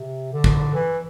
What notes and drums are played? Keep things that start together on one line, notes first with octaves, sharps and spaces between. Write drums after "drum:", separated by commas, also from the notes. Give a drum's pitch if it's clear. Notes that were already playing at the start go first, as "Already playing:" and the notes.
Already playing: C3
D3
drum: kick
E3